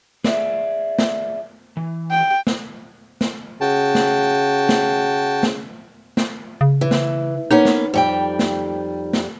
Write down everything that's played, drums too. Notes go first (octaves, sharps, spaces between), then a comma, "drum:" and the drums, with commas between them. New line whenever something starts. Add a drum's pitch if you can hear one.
G#4 D5 E5, drum: snare
drum: snare
E3
G5
drum: snare
drum: snare
C#3 F#4 G5 A5
drum: snare
drum: snare
drum: snare
drum: snare
C#3
E3
drum: snare
A#3 B3 C#4 D#4
drum: snare
F2 G3 G5
drum: snare
drum: snare